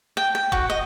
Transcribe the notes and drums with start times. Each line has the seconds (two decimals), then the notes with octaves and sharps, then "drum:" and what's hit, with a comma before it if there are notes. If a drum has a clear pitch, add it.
0.17 G5
0.35 G5
0.52 F#4, drum: kick D#1
0.70 D#5